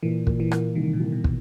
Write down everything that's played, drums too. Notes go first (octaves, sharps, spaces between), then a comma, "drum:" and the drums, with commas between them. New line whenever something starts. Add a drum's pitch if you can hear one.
A#2 E3
A#2, drum: kick
E3
A#3, drum: rim click
C2 D#3
A#2
C2
B2
drum: kick